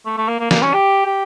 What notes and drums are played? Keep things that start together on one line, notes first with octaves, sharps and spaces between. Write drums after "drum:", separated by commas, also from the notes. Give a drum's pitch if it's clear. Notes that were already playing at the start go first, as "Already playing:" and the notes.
A3
A3
A#3
A#3
A#3, drum: snare
C#4
G4
G4